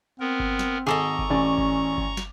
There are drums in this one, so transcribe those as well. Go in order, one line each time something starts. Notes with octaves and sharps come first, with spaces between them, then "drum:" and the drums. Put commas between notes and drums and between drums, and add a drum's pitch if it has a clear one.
B3 C4 A#4
drum: kick G1
drum: snare
G#1 G#4 A4 D#5 A#5 C#6 D6 E7
drum: kick G1
A1 C#4 D5 G#5
drum: kick G1
drum: kick G1
drum: snare